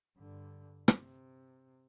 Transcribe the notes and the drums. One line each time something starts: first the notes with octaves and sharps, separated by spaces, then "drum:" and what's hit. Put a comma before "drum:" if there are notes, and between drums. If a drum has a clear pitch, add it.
G2 D3
C3, drum: rim click